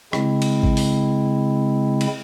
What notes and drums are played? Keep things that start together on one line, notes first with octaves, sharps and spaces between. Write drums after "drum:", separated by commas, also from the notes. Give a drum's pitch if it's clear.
C#3 G#3 C4 E4, drum: rim click
drum: cymbal
drum: kick A1
drum: open hi-hat
drum: cymbal